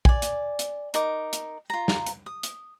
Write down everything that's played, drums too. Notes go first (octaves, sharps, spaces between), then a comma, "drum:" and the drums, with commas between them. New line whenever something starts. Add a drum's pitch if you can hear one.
D5 G#5, drum: kick
drum: hi-hat
drum: hi-hat
D#4 A#4 D6, drum: hi-hat
drum: hi-hat
F4 A#5
drum: snare
drum: hi-hat
D#6
drum: hi-hat